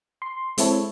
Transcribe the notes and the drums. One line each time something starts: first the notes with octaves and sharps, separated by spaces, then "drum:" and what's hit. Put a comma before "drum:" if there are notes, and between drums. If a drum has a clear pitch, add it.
C6
G#3 C4 E4 A4 C#5, drum: hi-hat